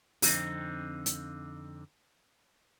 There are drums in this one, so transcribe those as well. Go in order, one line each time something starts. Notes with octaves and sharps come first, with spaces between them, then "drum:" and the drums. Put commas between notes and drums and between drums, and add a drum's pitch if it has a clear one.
F2 D3 C4 D#4, drum: open hi-hat
drum: hi-hat